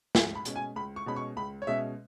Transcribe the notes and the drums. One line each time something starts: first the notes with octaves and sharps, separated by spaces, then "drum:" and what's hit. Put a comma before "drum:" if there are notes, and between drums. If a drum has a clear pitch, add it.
C#2 G#5, drum: snare
B5
B2 G#3 C#4, drum: hi-hat
G#5
C#2 B5
C#6
B2 G#3 C#4 B5
C#6
C#2 B5
C#5
B2 G#3 C#4 E5